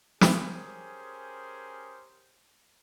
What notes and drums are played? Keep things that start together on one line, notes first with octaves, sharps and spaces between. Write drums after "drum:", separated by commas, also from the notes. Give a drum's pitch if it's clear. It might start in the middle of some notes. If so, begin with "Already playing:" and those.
C#4 G4 G#4 A#4 C5, drum: snare